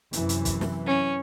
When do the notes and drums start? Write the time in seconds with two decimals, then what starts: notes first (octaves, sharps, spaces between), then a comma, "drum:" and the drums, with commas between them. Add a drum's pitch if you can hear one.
0.13 F#2 C3 E3, drum: hi-hat
0.29 drum: hi-hat
0.45 drum: kick, hi-hat
0.61 drum: snare
0.86 C#4